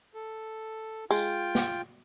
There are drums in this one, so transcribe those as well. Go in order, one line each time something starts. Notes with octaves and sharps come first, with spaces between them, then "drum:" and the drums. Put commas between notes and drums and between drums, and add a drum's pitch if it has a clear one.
A4
G#3 F4 G5, drum: tambourine
drum: snare